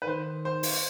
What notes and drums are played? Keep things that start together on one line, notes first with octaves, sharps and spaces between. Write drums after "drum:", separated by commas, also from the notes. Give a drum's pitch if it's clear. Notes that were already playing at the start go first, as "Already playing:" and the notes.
B4
D#3 C5
C5
drum: open hi-hat